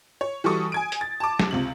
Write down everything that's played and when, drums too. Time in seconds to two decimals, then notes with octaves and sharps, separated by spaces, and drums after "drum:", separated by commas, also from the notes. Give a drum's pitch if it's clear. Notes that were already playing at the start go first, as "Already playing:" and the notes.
0.21 C#5
0.44 E3 G3 F#4 A4 C#6 D#6
0.72 G#5 G#6 D7
0.92 drum: hi-hat
1.01 A6
1.20 A5 D6
1.39 drum: snare
1.51 C#2 C3 F#7